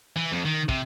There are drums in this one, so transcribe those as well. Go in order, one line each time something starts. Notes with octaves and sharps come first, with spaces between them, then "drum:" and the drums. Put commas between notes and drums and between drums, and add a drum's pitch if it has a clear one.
E3
F2
D#3
C3, drum: kick